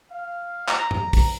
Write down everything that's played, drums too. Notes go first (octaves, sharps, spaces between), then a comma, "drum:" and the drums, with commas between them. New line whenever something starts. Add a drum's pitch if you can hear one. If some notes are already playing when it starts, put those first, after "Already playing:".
F5
A#5, drum: clap
drum: tom G2
drum: kick, open hi-hat